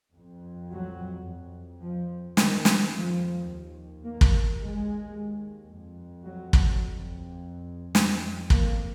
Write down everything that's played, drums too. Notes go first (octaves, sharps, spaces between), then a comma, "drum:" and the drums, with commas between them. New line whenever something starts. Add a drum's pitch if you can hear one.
F2
F#3
F2
F3
F2 D#3, drum: snare
drum: snare
F3
D#2
A#3
drum: kick
D#2 G#3
F2
F#3
drum: kick
F2
F2, drum: snare
A#3, drum: kick